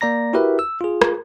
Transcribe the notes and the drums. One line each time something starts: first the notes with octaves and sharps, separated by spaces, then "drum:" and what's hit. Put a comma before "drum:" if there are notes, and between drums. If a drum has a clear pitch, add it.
A#3 D5 A#5 A#6
E4 F#4 G4 A#4 B4 E5
E6
F4 G#4
drum: rim click